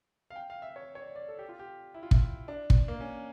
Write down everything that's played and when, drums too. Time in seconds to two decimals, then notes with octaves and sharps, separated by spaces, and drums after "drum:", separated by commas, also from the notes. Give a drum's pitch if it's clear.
0.30 F5
0.36 G5
0.50 F5
0.62 E5
0.76 C#5
0.95 C#5
1.02 D5
1.15 D5
1.28 A4
1.39 G4
1.49 F4
1.59 G4
1.94 E4
2.03 F4
2.11 E4, drum: kick
2.48 D4
2.70 drum: kick
2.88 A#3
3.00 C#4